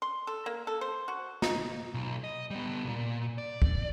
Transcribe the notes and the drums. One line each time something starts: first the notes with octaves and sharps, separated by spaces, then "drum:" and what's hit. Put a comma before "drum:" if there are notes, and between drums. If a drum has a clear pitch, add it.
C6
A4
A#3
A4
C5
F#4
D#4, drum: snare
B1
D#5
G3 B3
B1 A#2
D5
drum: kick